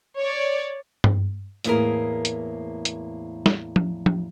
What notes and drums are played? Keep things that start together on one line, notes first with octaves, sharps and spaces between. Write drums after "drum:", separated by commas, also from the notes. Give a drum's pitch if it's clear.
C#5 D5
drum: tom G2
E2 A2 A#3 E4 G#4 A#4, drum: hi-hat
drum: hi-hat
drum: hi-hat
drum: snare
drum: tom F3
drum: tom F3